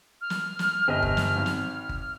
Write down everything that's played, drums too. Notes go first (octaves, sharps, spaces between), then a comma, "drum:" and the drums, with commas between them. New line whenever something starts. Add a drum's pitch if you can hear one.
F6
drum: snare
drum: snare
G1 D#5
drum: kick G1
drum: snare
G#1
drum: snare
drum: kick G1